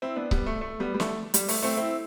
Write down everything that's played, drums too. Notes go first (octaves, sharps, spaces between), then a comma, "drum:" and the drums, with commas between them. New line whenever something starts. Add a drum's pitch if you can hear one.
C4 E4
B3 D4
G3 B3, drum: kick C#1
A3
A3
G3 B3
G3
A3, drum: snare
G3, drum: hi-hat
A3, drum: open hi-hat
A3 C4
C4 E4